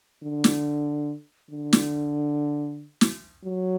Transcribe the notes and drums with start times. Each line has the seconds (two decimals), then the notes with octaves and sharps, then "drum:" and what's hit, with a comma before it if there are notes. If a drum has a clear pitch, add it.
0.23 D3
0.44 drum: snare
1.51 D3
1.73 drum: snare
3.01 drum: snare
3.44 F#3